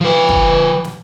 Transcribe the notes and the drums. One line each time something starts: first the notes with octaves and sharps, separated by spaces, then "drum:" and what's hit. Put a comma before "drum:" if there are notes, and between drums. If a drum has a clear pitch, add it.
F3 B4
drum: kick
drum: snare